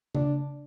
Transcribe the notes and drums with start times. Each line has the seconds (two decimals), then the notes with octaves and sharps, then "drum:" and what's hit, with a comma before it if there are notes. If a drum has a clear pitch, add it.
0.15 D4, drum: tom C#3